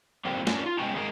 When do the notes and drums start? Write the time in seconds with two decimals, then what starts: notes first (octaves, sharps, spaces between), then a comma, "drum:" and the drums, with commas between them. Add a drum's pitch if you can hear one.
0.25 D3 F3 G3 A#3 C4
0.47 C#4 D4 F#4 A#4, drum: snare
0.66 F4
0.78 B2 G#3 C#4 F#4 G5 A#5
0.95 G#3 A#3 E4 A#4